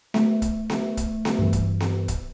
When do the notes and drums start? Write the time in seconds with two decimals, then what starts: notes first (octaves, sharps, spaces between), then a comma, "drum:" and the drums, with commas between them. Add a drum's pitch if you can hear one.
0.14 A3, drum: snare B3
0.42 drum: kick, hi-hat
0.70 drum: snare B3
0.97 drum: kick, hi-hat
1.25 drum: snare B3
1.39 G2 E3
1.53 drum: kick, hi-hat
1.80 drum: snare B3
2.08 drum: kick, hi-hat